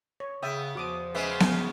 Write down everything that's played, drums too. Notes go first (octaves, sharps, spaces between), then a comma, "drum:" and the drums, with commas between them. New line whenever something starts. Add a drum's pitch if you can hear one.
C#5
C#3 B3 E5 G5 D#6
E2 F3 F#4 D6 D#6
C#3 G#3 B3 B4 E5
drum: snare B3